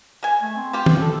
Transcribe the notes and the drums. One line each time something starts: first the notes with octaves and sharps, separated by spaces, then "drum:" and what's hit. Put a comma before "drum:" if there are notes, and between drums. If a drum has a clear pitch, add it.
G#3 G#5
A3
C4
G3 F4 G4
drum: tom
A4